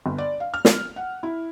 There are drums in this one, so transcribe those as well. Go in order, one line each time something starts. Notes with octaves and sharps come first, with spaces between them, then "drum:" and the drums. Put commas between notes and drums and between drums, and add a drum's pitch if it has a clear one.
G1
D5
F5
F6
drum: snare
F#5
E4